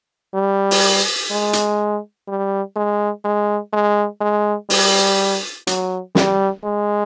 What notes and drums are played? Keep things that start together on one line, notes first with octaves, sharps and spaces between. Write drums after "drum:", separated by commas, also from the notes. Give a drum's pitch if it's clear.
G3
drum: open hi-hat
G#3
drum: hi-hat
G3
G#3
G#3
G#3
G#3
G3, drum: open hi-hat
F#3, drum: hi-hat
G3, drum: snare
G#3